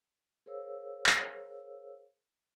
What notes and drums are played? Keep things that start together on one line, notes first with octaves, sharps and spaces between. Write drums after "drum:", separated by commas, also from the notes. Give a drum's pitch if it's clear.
G#4 A#4 C5 C#5 F5 E6
drum: clap